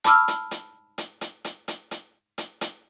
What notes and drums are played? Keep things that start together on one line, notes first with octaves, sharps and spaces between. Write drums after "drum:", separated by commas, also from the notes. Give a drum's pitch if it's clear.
A5 B5 D6 E6 F6, drum: hi-hat
drum: hi-hat
drum: hi-hat
drum: hi-hat
drum: hi-hat
drum: hi-hat
drum: hi-hat
drum: hi-hat
drum: hi-hat
drum: hi-hat